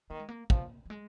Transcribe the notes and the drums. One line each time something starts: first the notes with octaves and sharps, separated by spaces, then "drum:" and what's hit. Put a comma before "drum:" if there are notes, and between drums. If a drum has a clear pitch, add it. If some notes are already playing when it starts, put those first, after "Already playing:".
D#3 A#3
G#3
A#3
F3 A#3, drum: kick
F3
G#3